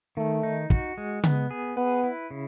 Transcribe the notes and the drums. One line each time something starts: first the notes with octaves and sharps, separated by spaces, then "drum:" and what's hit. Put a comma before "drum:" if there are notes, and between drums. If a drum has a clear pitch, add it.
D#3 A3
D#4
F#4, drum: kick
G#3
B3, drum: tom C#3
G#4
B3 B4
E4
C#3